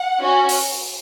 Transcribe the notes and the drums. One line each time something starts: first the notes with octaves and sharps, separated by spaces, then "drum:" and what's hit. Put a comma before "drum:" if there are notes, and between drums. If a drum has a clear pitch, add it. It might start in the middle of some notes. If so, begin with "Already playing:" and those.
Already playing: F#5
C#4 F#4
drum: open hi-hat